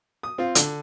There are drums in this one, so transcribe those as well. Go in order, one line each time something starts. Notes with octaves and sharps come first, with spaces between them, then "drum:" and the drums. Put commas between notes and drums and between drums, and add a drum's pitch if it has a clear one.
D#6
C4 F4
D3, drum: hi-hat